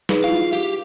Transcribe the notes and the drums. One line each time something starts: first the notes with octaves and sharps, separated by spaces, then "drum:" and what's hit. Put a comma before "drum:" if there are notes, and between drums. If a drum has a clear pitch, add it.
D#4 G#4 B4, drum: snare
E4 F4 F5
G4